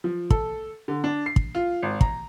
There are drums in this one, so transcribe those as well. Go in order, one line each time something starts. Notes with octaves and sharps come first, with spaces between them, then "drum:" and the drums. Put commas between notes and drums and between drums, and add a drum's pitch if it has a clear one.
F3
A4, drum: kick
D3
D4
C7
drum: kick
F4
G#1
A#5, drum: kick